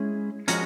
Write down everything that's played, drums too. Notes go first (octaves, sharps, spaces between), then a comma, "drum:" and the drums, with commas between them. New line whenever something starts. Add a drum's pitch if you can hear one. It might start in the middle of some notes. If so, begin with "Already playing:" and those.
Already playing: G#3 C#4 E4 G#4
F3 G#3 C#4 F#4 A#4, drum: hi-hat